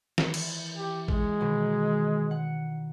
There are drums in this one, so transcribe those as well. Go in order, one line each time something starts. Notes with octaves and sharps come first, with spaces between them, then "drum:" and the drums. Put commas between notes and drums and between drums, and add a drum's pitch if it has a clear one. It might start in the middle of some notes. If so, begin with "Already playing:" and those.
E3, drum: snare
drum: cymbal
G4
G#3, drum: kick
B2 D#3
F#5